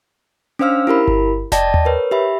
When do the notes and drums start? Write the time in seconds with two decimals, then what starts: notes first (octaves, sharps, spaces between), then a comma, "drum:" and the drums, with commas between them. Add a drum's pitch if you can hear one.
0.59 C#4 D4 C5 F5 E6 F6
0.87 E4 G4 A#4 B5
1.08 drum: kick G1
1.52 D5 D#5 G5 A5 A#6, drum: snare F1
1.74 drum: tom D#2
1.85 A#4 B4 C#5
2.11 G4 E5 B5